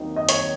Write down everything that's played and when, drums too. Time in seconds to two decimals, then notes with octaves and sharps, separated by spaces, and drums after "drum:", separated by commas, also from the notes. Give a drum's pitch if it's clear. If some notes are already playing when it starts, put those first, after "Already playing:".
Already playing: D#2 D#3 F#3 C4 D#4
0.16 D#5
0.29 C#5, drum: hi-hat